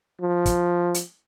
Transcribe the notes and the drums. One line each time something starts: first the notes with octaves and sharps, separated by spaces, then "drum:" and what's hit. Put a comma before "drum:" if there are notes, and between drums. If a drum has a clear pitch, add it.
F3
drum: kick, hi-hat
drum: hi-hat